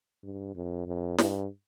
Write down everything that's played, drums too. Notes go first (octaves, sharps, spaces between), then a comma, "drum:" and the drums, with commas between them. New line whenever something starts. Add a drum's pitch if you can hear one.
G2
F2
F2
G2, drum: snare